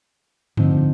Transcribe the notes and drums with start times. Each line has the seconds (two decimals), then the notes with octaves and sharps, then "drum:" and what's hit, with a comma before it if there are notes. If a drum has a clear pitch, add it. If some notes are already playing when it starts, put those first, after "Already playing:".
0.57 D2 D3 F3 C4 D#4, drum: tom G2